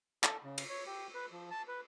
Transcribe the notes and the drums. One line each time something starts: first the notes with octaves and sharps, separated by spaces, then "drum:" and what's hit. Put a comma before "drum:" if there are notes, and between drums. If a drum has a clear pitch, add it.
A4, drum: clap
C#3
drum: cymbal
C#5
G4
B4
F3
A5
B4